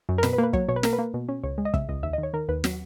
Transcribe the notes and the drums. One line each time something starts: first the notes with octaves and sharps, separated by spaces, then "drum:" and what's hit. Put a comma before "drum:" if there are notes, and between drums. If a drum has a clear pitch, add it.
F#2
A#4
B2 B4, drum: snare
B4
A#3
B4
F#3 C#5, drum: kick
B2 C#5
B4
A#3 A#4, drum: snare
B4
A#3
B2
C#4
C#2 C#5
G#3
D#5
C#3 E5, drum: kick
C#2 D#5
D#2 E5
D#5
D#3
C#5
D#3 A#4
D#2 B4
F#3, drum: snare